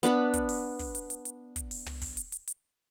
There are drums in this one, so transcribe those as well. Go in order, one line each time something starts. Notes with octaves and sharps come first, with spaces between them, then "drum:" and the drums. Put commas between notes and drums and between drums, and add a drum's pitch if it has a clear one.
B3 D4 B4 B5, drum: hi-hat
drum: kick, hi-hat
drum: open hi-hat
drum: kick, open hi-hat
drum: hi-hat
drum: hi-hat
drum: hi-hat
drum: kick, hi-hat
drum: open hi-hat
drum: tom
drum: kick, open hi-hat
drum: hi-hat
drum: hi-hat
drum: hi-hat